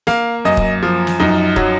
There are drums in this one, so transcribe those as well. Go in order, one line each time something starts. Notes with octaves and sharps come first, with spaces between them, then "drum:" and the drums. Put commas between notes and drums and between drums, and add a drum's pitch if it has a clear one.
A#3 F5, drum: snare
F#2 D#5
drum: kick
F3
drum: snare
F#2 D#4
F#3, drum: kick